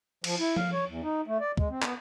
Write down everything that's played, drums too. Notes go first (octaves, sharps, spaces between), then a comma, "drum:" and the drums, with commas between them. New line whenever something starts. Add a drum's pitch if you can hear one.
F3, drum: cymbal
E4
F5, drum: tom F3
C#5
E2
D#4
A3
D5
G#3, drum: kick
C4
B3, drum: clap